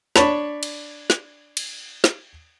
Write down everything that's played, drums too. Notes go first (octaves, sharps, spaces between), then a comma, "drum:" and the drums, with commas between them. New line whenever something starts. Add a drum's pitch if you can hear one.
D4 C#5 A5 B5, drum: snare
drum: cymbal
drum: snare
drum: cymbal
drum: snare